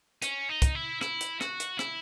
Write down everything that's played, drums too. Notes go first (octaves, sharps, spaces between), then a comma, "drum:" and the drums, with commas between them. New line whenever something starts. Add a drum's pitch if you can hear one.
C#4, drum: hi-hat
D#4
drum: kick, hi-hat
E4
E4, drum: rim click
drum: hi-hat
F#4, drum: rim click
drum: hi-hat
E4, drum: rim click